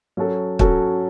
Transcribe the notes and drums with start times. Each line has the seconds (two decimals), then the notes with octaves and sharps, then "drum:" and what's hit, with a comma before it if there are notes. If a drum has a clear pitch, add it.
0.17 F#3 C#4 F#4 A4
0.59 F#3 C#4 F#4 A4, drum: kick